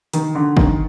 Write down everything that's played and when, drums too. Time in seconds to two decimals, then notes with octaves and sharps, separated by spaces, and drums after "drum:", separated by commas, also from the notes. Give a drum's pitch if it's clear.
0.13 D#3, drum: hi-hat
0.35 D3
0.57 D#3, drum: kick G1